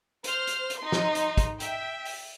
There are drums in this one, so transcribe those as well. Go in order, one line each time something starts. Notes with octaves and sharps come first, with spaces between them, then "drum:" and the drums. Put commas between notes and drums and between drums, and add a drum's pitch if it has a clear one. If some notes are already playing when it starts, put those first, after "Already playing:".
C5 F6, drum: hi-hat
drum: hi-hat
drum: hi-hat
D#4 C6
drum: snare
drum: hi-hat
drum: kick, hi-hat
E5 G5, drum: hi-hat
drum: open hi-hat